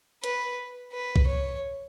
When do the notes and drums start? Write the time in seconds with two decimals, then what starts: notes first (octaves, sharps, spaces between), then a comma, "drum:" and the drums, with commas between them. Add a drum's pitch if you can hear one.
0.24 B4, drum: hi-hat
0.92 B4
1.16 drum: kick B1
1.27 C#5